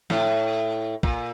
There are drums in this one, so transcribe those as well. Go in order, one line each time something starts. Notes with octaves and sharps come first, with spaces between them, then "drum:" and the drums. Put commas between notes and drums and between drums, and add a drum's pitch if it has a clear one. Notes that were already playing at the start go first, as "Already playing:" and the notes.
A2, drum: snare
A#2, drum: kick